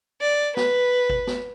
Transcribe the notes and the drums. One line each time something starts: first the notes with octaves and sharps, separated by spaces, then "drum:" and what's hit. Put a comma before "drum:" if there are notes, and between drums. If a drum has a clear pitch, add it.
D5
B4, drum: snare
drum: kick G#1
drum: snare